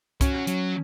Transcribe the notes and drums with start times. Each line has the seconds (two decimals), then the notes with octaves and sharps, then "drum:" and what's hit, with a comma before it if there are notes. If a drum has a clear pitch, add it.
0.21 F#3 C#4, drum: kick C2, hi-hat
0.47 F#3, drum: hi-hat